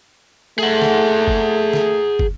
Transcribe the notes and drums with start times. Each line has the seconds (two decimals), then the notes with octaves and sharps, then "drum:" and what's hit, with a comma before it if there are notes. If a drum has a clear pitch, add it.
0.59 A3 G#4 F#5
0.82 drum: snare
1.28 drum: kick
1.73 drum: snare
2.19 drum: kick